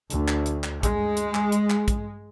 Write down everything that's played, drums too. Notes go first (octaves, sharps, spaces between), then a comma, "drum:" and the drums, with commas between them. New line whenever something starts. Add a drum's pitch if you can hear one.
D2, drum: hi-hat
drum: clap
drum: hi-hat
drum: clap
G#3, drum: kick, hi-hat
drum: hi-hat
drum: clap
drum: hi-hat
drum: clap
drum: kick, hi-hat